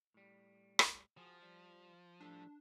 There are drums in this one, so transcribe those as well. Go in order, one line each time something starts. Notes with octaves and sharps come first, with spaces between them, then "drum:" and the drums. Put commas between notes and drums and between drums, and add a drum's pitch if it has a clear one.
A2 G3
drum: rim click
F3 F#4 G#4
G3
A2 G3 D4 A4